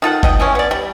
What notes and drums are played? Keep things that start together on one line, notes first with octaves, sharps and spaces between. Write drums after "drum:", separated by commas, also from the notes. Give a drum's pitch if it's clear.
D#3 F4 A4 F#5
B2 D#5 G5, drum: kick F#1
E3 G#3 C#4
B3 D5
G3